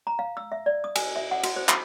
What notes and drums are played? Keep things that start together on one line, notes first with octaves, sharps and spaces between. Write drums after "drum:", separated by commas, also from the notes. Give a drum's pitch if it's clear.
A#5
F5
E6
E5
D5
D#6
G#5, drum: cymbal
E5
F#5
F#4, drum: cymbal
C5
B5, drum: clap